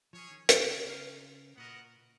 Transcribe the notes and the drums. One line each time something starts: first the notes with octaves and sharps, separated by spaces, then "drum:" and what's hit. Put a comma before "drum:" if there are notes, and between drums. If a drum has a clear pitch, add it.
F3 C#4 G#4 C#5
D#3
D#3, drum: hi-hat
C#3
C#3 F4 A#4 F5
A#2 B3 F#4 A#4 D#5 F#5